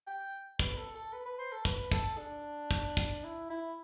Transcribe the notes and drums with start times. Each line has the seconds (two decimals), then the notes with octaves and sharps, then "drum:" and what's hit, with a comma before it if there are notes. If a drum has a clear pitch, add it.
0.07 G5
0.59 B4, drum: kick
0.77 A4
0.95 A4
1.13 B4
1.26 B4
1.39 C5
1.52 A4
1.65 B4, drum: kick
1.92 A4, drum: kick
2.18 D4
2.71 drum: kick
2.97 drum: kick
3.24 E4
3.50 E4